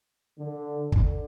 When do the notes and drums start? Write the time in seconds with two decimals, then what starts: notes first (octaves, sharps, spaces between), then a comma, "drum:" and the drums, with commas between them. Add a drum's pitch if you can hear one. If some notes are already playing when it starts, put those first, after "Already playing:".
0.39 D3
0.92 D3, drum: kick